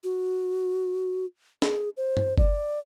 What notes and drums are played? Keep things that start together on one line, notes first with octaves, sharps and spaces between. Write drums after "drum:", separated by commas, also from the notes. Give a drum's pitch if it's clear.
F#4
G#4, drum: snare
C5
drum: tom G2
D5, drum: kick G1